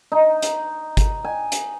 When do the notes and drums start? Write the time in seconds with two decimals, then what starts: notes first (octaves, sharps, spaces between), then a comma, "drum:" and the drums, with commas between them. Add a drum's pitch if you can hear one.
0.12 D#4
0.42 drum: hi-hat
0.97 drum: kick G1, hi-hat
1.25 G#5
1.52 drum: hi-hat